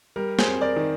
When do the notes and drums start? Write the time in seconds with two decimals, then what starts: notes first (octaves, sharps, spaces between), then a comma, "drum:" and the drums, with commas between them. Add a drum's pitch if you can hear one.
0.16 G3 A#4
0.39 G#4 C5, drum: snare
0.46 F2
0.61 A#4 D5
0.76 D#3